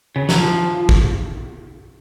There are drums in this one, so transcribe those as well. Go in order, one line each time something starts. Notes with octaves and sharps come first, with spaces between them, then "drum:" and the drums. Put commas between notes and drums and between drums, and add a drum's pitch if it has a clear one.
C#3
F#3, drum: snare
F3
drum: kick